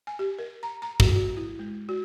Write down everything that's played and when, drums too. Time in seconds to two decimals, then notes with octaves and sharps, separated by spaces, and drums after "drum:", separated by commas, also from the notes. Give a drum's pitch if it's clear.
0.07 G#5
0.19 G4
0.39 A#4
0.63 A#5
0.82 A#5
1.00 F#4, drum: kick
1.15 F#4
1.37 E4
1.59 G#3
1.89 F#4